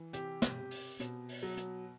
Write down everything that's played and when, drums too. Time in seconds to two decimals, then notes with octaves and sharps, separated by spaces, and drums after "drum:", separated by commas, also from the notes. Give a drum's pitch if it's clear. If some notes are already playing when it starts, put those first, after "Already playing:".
Already playing: E3
0.13 C3 G4, drum: hi-hat
0.42 drum: snare
0.56 C3
0.71 drum: open hi-hat
1.00 B2, drum: hi-hat
1.29 drum: open hi-hat
1.43 F#3
1.57 drum: hi-hat